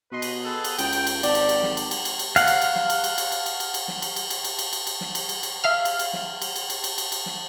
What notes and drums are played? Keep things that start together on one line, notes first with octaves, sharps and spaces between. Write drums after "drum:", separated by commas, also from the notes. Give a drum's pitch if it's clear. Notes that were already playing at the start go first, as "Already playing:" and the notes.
B2 B4 D#5 C6
drum: cymbal
G#4 A4 B4
drum: cymbal
C#2 G5, drum: cymbal
drum: cymbal
drum: cymbal
G#1 G4 D5 A5, drum: cymbal
drum: cymbal
drum: cymbal
drum: snare
drum: cymbal
drum: cymbal
drum: cymbal
drum: cymbal
F5 F#5, drum: cymbal
drum: cymbal
drum: cymbal
drum: snare
drum: cymbal
drum: cymbal
drum: cymbal
drum: cymbal
drum: cymbal
drum: cymbal
drum: cymbal
drum: snare
drum: cymbal
drum: cymbal
drum: cymbal
drum: cymbal
drum: cymbal
drum: cymbal
drum: cymbal
drum: snare
drum: cymbal
drum: cymbal
drum: cymbal
E5 F5 F6
drum: cymbal
drum: cymbal
drum: snare
drum: cymbal
drum: cymbal
drum: cymbal
drum: cymbal
drum: cymbal
drum: cymbal
drum: snare